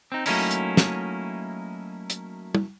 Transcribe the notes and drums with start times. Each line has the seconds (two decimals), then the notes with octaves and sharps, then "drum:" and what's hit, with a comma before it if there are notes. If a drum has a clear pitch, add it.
0.12 C4 D#4
0.26 F#3 A3 A#3 C#4 D#4 E4, drum: open hi-hat
0.51 drum: hi-hat
0.77 drum: snare
2.10 drum: hi-hat
2.55 drum: tom